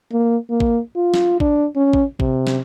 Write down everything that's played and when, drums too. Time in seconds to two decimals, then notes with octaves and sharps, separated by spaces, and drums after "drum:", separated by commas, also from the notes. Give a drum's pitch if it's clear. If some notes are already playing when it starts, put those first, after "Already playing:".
0.12 A#3
0.50 A#3
0.60 drum: kick A1
0.96 F4
1.14 drum: snare
1.40 D4, drum: kick A1
1.76 C#4
1.93 drum: kick A1
2.20 C3, drum: kick A1
2.47 drum: snare